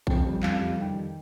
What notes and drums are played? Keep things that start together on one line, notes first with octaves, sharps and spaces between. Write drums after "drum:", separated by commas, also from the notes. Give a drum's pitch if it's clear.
F2 G5, drum: kick A#1
G3
F2 F5, drum: clap
G3
D#3 G5